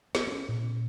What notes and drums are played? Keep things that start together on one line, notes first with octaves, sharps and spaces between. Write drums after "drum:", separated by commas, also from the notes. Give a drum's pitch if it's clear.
B3, drum: snare
C4
C#4
A#2